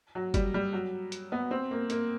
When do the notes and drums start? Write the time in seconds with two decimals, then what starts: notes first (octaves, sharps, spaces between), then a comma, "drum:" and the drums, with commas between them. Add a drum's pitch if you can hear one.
0.15 F#3
0.34 G3, drum: kick F#1, hi-hat
0.54 G3
0.73 F#3
1.12 drum: hi-hat
1.32 B3
1.51 C4
1.71 A#3
1.90 A#3, drum: hi-hat